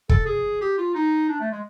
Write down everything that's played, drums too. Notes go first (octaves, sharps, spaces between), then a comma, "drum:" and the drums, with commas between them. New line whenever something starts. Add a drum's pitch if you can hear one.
A4, drum: kick
G#4
G4
F4
D#4
D4
A3
G#3